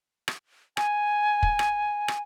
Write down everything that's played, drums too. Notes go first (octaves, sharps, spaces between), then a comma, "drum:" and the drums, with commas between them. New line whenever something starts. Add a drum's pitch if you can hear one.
drum: rim click
G#5, drum: rim click
drum: kick
drum: rim click
drum: rim click